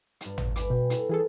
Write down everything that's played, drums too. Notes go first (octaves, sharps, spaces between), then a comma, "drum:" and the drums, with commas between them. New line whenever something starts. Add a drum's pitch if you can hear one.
G2 F4, drum: hi-hat
drum: tom G#1
B4 G#5 D6, drum: hi-hat
B2 G5
E4 A4 G#5, drum: hi-hat
E3 F4 G#4 A4